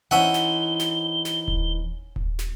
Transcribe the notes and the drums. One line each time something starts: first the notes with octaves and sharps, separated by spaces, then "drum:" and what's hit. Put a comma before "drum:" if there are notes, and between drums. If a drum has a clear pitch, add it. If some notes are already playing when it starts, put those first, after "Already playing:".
E3 C4 C#4 D#4 E5 F#5 G7
drum: snare
drum: snare
drum: snare
drum: kick D#1
drum: kick D#1
drum: snare